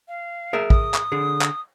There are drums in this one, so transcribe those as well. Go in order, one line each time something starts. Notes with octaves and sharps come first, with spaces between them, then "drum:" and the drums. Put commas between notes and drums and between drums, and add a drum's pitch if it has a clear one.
F5
G#4 A#4 E5
D#6, drum: kick
drum: clap
D3 G#4
drum: clap